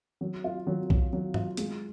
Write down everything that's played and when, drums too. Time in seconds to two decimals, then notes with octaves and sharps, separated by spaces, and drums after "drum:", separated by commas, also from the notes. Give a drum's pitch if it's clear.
0.21 F#3
0.44 F4
0.67 F#3
0.90 F#3, drum: kick
1.13 F#3
1.34 F4, drum: tom
1.57 G#3, drum: hi-hat